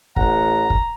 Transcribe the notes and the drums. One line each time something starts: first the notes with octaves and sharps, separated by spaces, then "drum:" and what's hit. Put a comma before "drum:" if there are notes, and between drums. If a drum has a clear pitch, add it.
A1 F#5 A#5, drum: kick
drum: kick